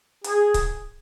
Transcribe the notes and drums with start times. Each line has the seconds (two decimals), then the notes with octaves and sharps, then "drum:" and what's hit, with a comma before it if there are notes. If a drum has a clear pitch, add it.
0.24 G#4, drum: hi-hat
0.54 drum: kick C#1, hi-hat